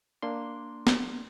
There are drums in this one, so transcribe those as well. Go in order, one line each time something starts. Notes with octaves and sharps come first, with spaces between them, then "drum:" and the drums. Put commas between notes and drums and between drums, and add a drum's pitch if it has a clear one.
A#3 D4 C6
drum: snare